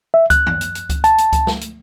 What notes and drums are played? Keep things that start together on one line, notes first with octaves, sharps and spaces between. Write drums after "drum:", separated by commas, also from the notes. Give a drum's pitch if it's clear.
E5
F#6, drum: kick C#2, hi-hat
drum: tom
drum: hi-hat
drum: hi-hat
drum: kick C#2, hi-hat
A5, drum: hi-hat
drum: hi-hat
drum: kick C#2, hi-hat
drum: snare
drum: hi-hat